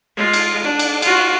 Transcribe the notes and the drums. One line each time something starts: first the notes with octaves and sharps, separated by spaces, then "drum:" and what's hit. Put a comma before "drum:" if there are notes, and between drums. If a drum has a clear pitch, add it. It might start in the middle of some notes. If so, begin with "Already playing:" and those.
G#3 F4
drum: cymbal
D4
drum: cymbal
F4 F#4, drum: cymbal